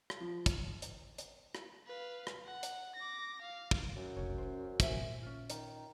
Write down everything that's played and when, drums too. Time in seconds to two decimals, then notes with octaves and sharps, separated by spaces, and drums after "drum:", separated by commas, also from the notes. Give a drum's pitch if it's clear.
0.10 drum: rim click
0.20 F3
0.46 drum: kick, hi-hat
0.82 drum: hi-hat
1.18 drum: hi-hat
1.55 drum: rim click
1.87 B4 F5
2.27 drum: rim click
2.45 F#5
2.63 drum: hi-hat
2.96 D6 A#6
3.42 F5
3.71 drum: kick
3.96 F#2
4.16 F1 B1 C#5
4.38 E3 C#4 C5
4.80 A#2 C5 E5 G#5, drum: kick, hi-hat
5.22 C#4 F4
5.50 D#3, drum: hi-hat